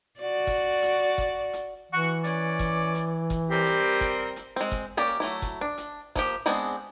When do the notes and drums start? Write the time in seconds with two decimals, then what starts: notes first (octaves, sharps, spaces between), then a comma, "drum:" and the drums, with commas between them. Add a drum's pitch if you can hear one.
0.19 F#4 D5
0.47 drum: kick F#1, hi-hat
0.83 drum: hi-hat
1.18 drum: kick F#1, hi-hat
1.53 drum: hi-hat
1.92 E3 F#4
2.24 C#4 D5, drum: hi-hat
2.59 drum: kick F#1, hi-hat
2.95 drum: hi-hat
3.30 drum: kick F#1, hi-hat
3.50 G3 C4 G4 A#4
3.65 drum: hi-hat
4.01 drum: kick F#1, hi-hat
4.36 drum: hi-hat
4.56 G#3 C4
4.71 drum: kick F#1, hi-hat
4.97 A#3 C#4 G4 D5
5.07 drum: hi-hat
5.20 F#3 A3 E4
5.42 drum: kick F#1, hi-hat
5.61 D4
5.78 drum: hi-hat
6.16 F3 A#3 G4, drum: kick F#1, hi-hat
6.46 G#3 B3 C4 D4 G#4, drum: hi-hat